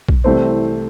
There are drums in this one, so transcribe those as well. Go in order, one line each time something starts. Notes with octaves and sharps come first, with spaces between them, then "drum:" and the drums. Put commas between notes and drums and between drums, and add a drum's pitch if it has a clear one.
drum: kick A#1
C2 C3 E3 A3 C4